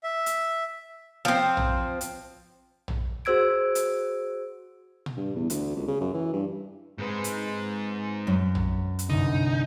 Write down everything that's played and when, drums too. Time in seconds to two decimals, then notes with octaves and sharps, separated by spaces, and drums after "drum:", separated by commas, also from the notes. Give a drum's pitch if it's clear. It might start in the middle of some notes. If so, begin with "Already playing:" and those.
0.04 E5
0.26 drum: hi-hat
1.25 F3 C4
1.57 drum: tom A#1
2.01 drum: hi-hat
2.88 drum: tom A#1
3.25 F#4 G#4 C5 E6 G#6 D7
3.75 drum: hi-hat
5.06 drum: tom A#2
5.17 G2
5.36 E2
5.50 D2, drum: hi-hat
5.76 C#2
5.88 C#3
6.01 F#2
6.14 E3
6.33 G2
6.98 G#2 G#3 C4 B4 D#5
7.24 drum: hi-hat
8.27 F#2
8.55 drum: tom A#1
8.99 drum: hi-hat
9.10 G1 C2 D3 D#4